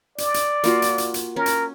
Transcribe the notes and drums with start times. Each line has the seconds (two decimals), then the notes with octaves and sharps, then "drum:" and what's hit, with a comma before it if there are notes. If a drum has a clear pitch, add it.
0.18 D5, drum: hi-hat
0.34 drum: hi-hat
0.64 A#3 F4 F#4, drum: hi-hat
0.82 drum: hi-hat
0.98 drum: hi-hat
1.14 drum: hi-hat
1.36 C#4 A#4
1.46 drum: hi-hat